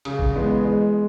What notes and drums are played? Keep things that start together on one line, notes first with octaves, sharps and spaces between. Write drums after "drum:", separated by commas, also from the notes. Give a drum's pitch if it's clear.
C#3, drum: cymbal
drum: kick
E3 G#3 B3
G#3